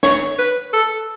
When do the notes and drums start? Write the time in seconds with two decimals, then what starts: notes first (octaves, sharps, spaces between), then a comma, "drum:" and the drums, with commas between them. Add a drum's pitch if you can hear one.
0.03 C#5, drum: snare
0.38 B4
0.73 A4